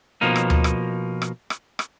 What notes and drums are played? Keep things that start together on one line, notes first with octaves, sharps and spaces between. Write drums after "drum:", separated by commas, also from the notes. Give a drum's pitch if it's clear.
B2 F3 A#3 D#4
drum: rim click
drum: tom D2
drum: rim click
drum: rim click
drum: rim click
drum: rim click